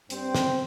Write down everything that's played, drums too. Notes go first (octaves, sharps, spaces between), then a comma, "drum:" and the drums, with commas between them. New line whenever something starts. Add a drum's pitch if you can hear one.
G2 G3 C4, drum: hi-hat
drum: snare